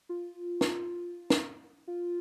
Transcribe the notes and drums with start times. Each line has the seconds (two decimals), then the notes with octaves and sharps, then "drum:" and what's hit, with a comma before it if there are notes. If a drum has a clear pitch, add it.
0.09 F4
0.61 drum: snare
1.30 drum: snare
1.88 F4